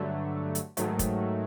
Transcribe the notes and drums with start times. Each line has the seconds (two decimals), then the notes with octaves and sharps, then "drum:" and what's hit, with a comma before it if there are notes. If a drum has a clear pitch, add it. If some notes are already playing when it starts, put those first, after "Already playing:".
Already playing: G2 D3 F#3 A3
0.55 drum: hi-hat
0.77 G#2 D#3 F#3 A3, drum: hi-hat
0.99 drum: kick, hi-hat